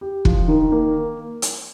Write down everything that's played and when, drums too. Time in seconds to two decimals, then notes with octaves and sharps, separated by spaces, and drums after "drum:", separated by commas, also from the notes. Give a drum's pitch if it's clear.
0.01 G4
0.25 F3, drum: kick
0.48 D#3
0.72 A#3
1.42 drum: hi-hat